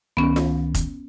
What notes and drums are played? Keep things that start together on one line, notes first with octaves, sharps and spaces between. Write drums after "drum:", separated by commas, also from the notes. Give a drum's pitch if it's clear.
C#2 D#3 B3 C#4
drum: snare F4
drum: kick F1, hi-hat